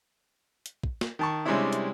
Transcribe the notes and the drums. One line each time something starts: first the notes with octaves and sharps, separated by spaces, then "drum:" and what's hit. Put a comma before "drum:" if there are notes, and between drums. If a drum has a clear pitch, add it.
drum: hi-hat
drum: kick
drum: snare
D#3 A5 C#6
C3 G3 G#3 C#4 D4 E4
drum: hi-hat